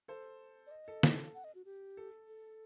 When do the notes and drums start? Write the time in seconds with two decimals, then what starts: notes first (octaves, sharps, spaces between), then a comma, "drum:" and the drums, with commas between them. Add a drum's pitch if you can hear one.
0.08 A4 C5
0.67 D5
0.71 D#5
0.88 A4
1.03 A4, drum: snare
1.35 F#5
1.44 D#5
1.55 F#4
1.65 G4
1.97 A4
2.28 A4